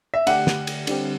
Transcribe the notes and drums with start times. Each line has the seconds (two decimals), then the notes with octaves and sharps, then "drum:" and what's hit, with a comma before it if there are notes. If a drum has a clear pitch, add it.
0.14 E5
0.27 D3 A3 D4 G4 F#5, drum: cymbal
0.47 drum: snare
0.67 drum: cymbal
0.87 D3 G3 C4 G4, drum: cymbal